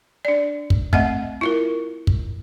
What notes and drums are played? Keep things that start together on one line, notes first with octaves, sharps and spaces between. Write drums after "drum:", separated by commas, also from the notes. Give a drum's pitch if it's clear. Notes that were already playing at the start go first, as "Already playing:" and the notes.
D4 D5
drum: kick
A3 C4 D#5 E5 F#5, drum: kick
E4 F4 A#4
drum: kick